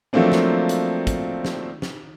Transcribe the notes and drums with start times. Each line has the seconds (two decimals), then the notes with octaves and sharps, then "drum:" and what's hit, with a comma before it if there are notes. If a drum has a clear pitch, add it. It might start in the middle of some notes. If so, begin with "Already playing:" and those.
0.13 F3 F#3 A3 A#3 C4 D4
0.32 drum: snare
0.69 drum: hi-hat
1.07 drum: kick, hi-hat
1.45 drum: snare
1.82 drum: snare